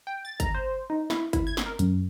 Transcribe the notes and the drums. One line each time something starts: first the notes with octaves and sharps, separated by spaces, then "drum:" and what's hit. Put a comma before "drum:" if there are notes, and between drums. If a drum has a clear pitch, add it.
G5
A6
A#5, drum: kick G1, hi-hat
C5
D#4
E4, drum: snare
E4, drum: kick G1, hi-hat
G#6
drum: snare
A#4
F#2, drum: hi-hat